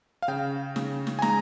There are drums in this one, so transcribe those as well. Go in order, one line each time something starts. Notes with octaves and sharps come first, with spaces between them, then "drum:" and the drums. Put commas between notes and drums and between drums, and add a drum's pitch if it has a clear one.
F5
C#3 G5
C#3, drum: snare
drum: snare
G#5
G#3 A#5, drum: snare